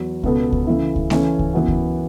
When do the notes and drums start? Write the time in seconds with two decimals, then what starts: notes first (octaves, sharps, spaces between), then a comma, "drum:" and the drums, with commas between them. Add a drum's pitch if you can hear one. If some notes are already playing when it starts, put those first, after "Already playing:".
Already playing: E2 F#3
0.23 C#2 B2 B3 A4, drum: kick C#2
0.52 drum: kick C#2
0.67 C#3 E3 A3 E4
0.96 drum: kick C#2
1.10 C#3 E3 C#4 A4, drum: snare A3
1.39 drum: kick C#2
1.54 F#2 E3 B3 F#4
1.68 drum: kick C#2